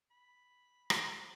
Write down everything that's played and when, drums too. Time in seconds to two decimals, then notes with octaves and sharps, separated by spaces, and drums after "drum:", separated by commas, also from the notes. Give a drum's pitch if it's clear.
0.11 B5
0.90 drum: rim click